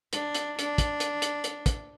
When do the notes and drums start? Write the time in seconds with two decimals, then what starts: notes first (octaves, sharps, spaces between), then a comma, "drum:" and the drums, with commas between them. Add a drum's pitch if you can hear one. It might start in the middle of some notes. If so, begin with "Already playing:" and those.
0.13 D4, drum: hi-hat
0.35 drum: hi-hat
0.59 D4, drum: hi-hat
0.78 drum: kick, hi-hat
1.00 drum: hi-hat
1.22 drum: hi-hat
1.44 drum: hi-hat
1.66 drum: kick, hi-hat